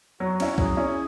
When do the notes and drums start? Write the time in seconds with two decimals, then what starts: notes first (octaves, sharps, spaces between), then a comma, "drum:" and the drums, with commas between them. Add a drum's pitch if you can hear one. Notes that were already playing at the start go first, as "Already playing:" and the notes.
0.20 F#3 F#4
0.40 C#4 E4, drum: cymbal
0.58 F#3 G#4, drum: kick B1
0.77 C#4 E4